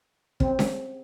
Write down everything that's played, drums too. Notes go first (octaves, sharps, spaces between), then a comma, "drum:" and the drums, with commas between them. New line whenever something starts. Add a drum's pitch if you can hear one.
C4, drum: kick
drum: snare C#4